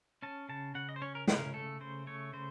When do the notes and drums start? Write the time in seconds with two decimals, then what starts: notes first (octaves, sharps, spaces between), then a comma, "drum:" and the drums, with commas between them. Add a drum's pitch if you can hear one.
0.22 C#4 A5
0.49 C#3 A5
0.75 C#3 F#5
0.89 D#5
0.96 C5
1.02 C#4 C#5
1.15 A#4
1.28 C#3 A#4, drum: snare
1.54 A3 A4
1.80 C#3 C5
2.07 A3 C#5
2.33 C#3 C5